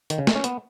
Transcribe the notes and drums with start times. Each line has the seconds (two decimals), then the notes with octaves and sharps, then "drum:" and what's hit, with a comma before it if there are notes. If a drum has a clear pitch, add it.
0.10 D#3, drum: hi-hat
0.18 C#3
0.27 A3, drum: snare
0.35 C#4
0.44 B3, drum: hi-hat